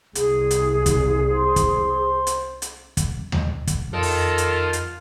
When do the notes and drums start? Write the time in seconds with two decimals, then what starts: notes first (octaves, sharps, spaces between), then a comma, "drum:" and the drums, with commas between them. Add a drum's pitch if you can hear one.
0.15 C2 G#4, drum: hi-hat
0.51 drum: hi-hat
0.86 drum: kick, hi-hat
1.32 C5
1.56 drum: kick, hi-hat
2.27 drum: hi-hat
2.62 drum: hi-hat
2.97 drum: kick, hi-hat
3.32 drum: tom D#2
3.67 drum: kick, hi-hat
3.94 F2 F4 A4 A#4 D#5
4.03 drum: open hi-hat
4.38 drum: hi-hat
4.73 drum: hi-hat